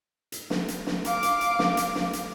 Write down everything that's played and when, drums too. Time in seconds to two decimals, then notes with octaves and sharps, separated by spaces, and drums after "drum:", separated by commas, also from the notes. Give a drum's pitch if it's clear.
0.32 drum: hi-hat
0.50 drum: snare
0.68 drum: hi-hat
0.86 drum: snare
1.05 F5 D6, drum: hi-hat
1.23 drum: hi-hat
1.41 drum: hi-hat
1.59 drum: snare
1.77 drum: hi-hat
1.95 drum: snare
2.13 drum: hi-hat